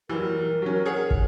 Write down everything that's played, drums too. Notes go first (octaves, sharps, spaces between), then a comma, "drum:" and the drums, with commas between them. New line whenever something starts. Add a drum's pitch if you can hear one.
E3 F#3 G3 A#4
F#3 C#4
G#4 C#5 F#5
drum: kick